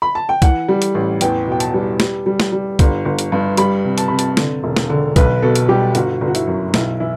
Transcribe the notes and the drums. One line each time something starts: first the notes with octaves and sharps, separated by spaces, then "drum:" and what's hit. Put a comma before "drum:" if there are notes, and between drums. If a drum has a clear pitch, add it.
B5
A5
G5
E3 F#5, drum: kick, hi-hat
G3
drum: hi-hat
A1
E2 G5, drum: hi-hat
B2 G5
A5, drum: hi-hat
G3
G3, drum: snare
G3
drum: snare
G3
G1, drum: kick, hi-hat
G1
drum: hi-hat
G2
G3 B5, drum: hi-hat
C3
A5, drum: hi-hat
C3 B5
A5, drum: hi-hat
D3, drum: snare
E1
drum: snare
D3
B1 B4, drum: kick, hi-hat
B2 A4
drum: hi-hat
G3 G4
G1 F#4, drum: hi-hat
G1
F#4
E4, drum: hi-hat
F#2
B1 E4, drum: snare
E3 E4